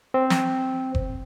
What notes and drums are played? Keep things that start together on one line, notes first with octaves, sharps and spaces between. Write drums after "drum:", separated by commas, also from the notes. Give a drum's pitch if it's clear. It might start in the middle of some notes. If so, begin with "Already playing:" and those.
C4
drum: snare
drum: kick F#1